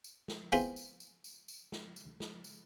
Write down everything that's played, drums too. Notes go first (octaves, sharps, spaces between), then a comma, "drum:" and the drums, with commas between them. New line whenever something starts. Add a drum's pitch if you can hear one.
drum: tambourine
drum: snare
B3 C4 E4 F4 G#4 C5, drum: tambourine
drum: tambourine
drum: tambourine
drum: tambourine
drum: tambourine
drum: snare
drum: tambourine
drum: snare
drum: tambourine